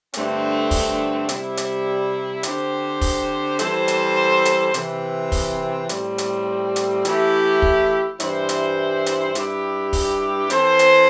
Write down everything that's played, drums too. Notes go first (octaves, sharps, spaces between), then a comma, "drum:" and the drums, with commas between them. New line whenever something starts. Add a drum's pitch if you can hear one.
G2 D3 A3 C4, drum: hi-hat
drum: kick, open hi-hat
C3 G3 E4, drum: hi-hat
drum: hi-hat
D3 C4 G4 C5, drum: hi-hat
drum: kick, open hi-hat
E3 G3 C4 A4 C5, drum: hi-hat
drum: hi-hat
drum: hi-hat
C3 E3 C4, drum: hi-hat
drum: kick, open hi-hat
A2 G3 C4, drum: hi-hat
drum: hi-hat
drum: hi-hat
E3 A3 E4 G4, drum: hi-hat
drum: kick
G2 E3 G3 E4 C5, drum: hi-hat
drum: hi-hat
drum: hi-hat
G2 G3 E4 G4, drum: hi-hat
drum: kick, open hi-hat
E3 C4 A4 C5, drum: hi-hat
drum: hi-hat